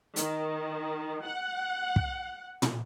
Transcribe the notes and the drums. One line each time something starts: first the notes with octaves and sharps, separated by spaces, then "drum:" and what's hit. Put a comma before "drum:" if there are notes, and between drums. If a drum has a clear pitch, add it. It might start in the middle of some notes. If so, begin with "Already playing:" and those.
D#3, drum: hi-hat
F#5
drum: kick
drum: tom